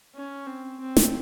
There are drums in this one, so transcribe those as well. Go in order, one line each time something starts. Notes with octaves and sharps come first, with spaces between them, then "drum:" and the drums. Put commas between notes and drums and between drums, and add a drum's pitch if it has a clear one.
C#4
C4
C4
drum: snare